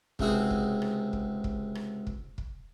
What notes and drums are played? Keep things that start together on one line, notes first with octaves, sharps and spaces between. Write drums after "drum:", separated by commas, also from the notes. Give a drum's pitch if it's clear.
C#2 C3 C4 D#4 F#4 G#4, drum: kick
drum: kick
drum: rim click
drum: kick
drum: kick
drum: rim click
drum: kick
drum: kick